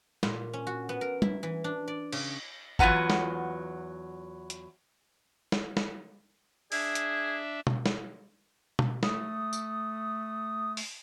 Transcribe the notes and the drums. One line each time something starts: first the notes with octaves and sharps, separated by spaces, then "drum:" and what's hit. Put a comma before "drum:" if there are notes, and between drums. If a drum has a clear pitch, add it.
A#2, drum: snare
C#4
F#4
B3
A#4
E4, drum: tom G3
E3
D4
D5
C#3, drum: cymbal
E2 F#3 F4 B4 F#5 A#5, drum: kick
drum: snare
drum: hi-hat
drum: snare
drum: snare
D4 G#4 E5, drum: open hi-hat
drum: hi-hat
drum: tom B2
drum: snare
drum: tom B2
A3 D#6, drum: snare
drum: tambourine
drum: open hi-hat